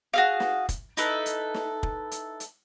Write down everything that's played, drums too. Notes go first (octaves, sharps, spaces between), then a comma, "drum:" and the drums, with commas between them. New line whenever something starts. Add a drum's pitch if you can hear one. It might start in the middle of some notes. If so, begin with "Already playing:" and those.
F#4 G#4 F5
drum: snare
drum: kick, hi-hat
D#4 E4 A4 B4, drum: hi-hat
drum: hi-hat
drum: snare
drum: kick
drum: hi-hat
drum: hi-hat